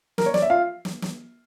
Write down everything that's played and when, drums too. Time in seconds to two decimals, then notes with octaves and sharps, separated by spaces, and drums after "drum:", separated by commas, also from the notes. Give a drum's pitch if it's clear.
0.18 A#4, drum: snare
0.26 C#5
0.34 D5, drum: snare
0.42 E5
0.50 F4 F5
0.85 drum: snare
1.02 drum: snare